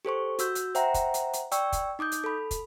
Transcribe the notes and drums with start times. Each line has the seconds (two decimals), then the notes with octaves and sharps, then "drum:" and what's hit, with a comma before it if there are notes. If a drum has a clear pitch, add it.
0.05 G4 A4 C5 C#6
0.39 F#4 E6 G6, drum: hi-hat
0.55 drum: hi-hat
0.75 C5 E5 F#5 G5 A#5, drum: hi-hat
0.94 drum: kick, hi-hat
1.14 drum: hi-hat
1.33 drum: hi-hat
1.52 D5 G5 C#6 E6, drum: hi-hat
1.72 drum: kick, hi-hat
1.99 D#4 D6 D#6 G6
2.12 drum: hi-hat
2.24 A4 B5
2.51 drum: kick, hi-hat